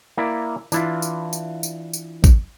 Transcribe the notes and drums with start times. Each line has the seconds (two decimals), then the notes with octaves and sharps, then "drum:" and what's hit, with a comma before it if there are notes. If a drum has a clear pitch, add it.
0.17 A#3 E4 D5
0.72 E3 D4 E4 F4, drum: tambourine
1.02 drum: tambourine
1.33 drum: tambourine
1.63 drum: tambourine
1.93 drum: tambourine
2.24 drum: kick A1, tambourine